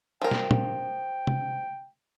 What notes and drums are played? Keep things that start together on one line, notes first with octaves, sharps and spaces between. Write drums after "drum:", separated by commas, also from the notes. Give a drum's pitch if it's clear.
F3 A#4 G5
drum: snare
drum: tom
drum: tom